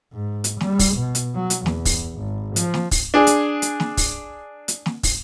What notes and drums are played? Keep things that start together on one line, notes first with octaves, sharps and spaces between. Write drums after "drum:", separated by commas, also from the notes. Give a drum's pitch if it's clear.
G#2
drum: hi-hat
G3, drum: snare
drum: kick, open hi-hat
B2
drum: hi-hat
F#3
drum: hi-hat
E2, drum: snare
drum: kick, open hi-hat
G#1
F3, drum: hi-hat
drum: snare
drum: kick, open hi-hat
D4 G#4
drum: hi-hat
drum: hi-hat
drum: snare
drum: kick, open hi-hat
drum: hi-hat
drum: snare
drum: kick, open hi-hat